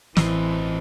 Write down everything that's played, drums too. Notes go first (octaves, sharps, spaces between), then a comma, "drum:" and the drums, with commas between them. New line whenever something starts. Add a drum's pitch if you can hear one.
A1 E3 C4 D#5, drum: snare